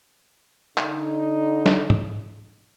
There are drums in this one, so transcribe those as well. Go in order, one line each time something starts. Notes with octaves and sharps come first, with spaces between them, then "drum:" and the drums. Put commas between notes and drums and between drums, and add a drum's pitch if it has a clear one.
D3 D#4, drum: clap
drum: snare
drum: tom G#2